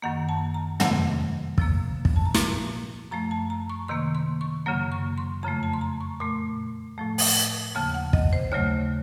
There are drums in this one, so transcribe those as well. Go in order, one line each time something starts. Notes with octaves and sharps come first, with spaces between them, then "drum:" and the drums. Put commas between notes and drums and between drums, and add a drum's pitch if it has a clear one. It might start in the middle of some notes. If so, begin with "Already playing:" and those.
F#2 D#3 A#3 F#5
A5
A#5
C3 D#3 F#3 A3 C6, drum: tom
C3 F3 A#3, drum: kick
drum: kick
A5
A#5
A#2 F3 A#3 C6, drum: snare
F#2 F3 A3 A#5
A5
A#5
C#6
C3 D#3 A#3 C6
C6
C#6
F#2 C#3 F#3 A#3
C#6
C6
F2 C#3 F3 A3 A#5
A5
C6
A#5
C#6
A#2 A3 C6
A2 F3 A3
drum: open hi-hat
D#2 C#3 F3 A#3 A5
F#5
D#5, drum: kick
C5
D#2 C#3 F#3 A3 C#5